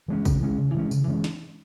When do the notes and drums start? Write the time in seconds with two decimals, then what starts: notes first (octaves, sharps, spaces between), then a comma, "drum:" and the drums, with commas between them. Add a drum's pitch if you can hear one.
0.08 E3 G#3 C#4
0.25 C#3, drum: kick, tambourine
0.42 E3 G#3 C#4
0.58 C#3
0.74 E3 G#3 C#4
0.91 C#3, drum: tambourine
1.08 E3 G#3 C#4
1.24 drum: snare